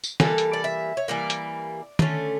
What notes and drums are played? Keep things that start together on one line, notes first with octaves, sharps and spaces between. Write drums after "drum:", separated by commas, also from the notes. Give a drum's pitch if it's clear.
drum: tambourine
E3 G3 A#3 A4, drum: snare
drum: hi-hat
D5
E5
C#5
E3 G3 A#3 D5
drum: hi-hat
D3 A3 C#4, drum: tom